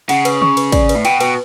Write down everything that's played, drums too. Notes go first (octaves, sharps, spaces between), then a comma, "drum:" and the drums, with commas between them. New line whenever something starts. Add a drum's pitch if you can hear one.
C#3 F#5, drum: cymbal
B4, drum: cymbal
C#6, drum: tom
B4, drum: cymbal
D5, drum: kick, cymbal
B4, drum: cymbal
A2
B2 G5, drum: cymbal
B2 B4, drum: cymbal